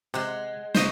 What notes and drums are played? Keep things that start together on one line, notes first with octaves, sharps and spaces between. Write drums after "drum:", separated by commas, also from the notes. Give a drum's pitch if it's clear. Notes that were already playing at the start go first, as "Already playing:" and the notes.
C3 G#3 F#5
C#3 E3 D#4 C5 D#5, drum: snare